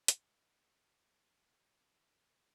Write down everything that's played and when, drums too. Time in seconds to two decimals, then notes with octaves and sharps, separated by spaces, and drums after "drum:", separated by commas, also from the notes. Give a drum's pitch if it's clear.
0.08 E3 F#4, drum: hi-hat